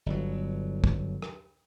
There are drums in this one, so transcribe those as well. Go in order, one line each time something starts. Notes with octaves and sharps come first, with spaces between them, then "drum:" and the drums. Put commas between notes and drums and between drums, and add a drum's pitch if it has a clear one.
G1 F#3
drum: kick
drum: rim click